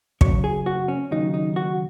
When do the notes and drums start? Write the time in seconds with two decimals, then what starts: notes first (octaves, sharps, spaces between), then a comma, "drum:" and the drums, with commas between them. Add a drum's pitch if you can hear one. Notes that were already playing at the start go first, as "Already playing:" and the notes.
0.21 F#2 C#3 F#3 C#5, drum: kick
0.44 G#4
0.66 F#4
0.88 C#4
1.11 D#2 C#3 F#3 D#4
1.34 D#4
1.56 F#4